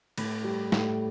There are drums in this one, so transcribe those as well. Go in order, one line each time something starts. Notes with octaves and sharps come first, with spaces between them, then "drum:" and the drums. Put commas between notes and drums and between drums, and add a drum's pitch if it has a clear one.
A2 B5, drum: cymbal
G3
A2, drum: snare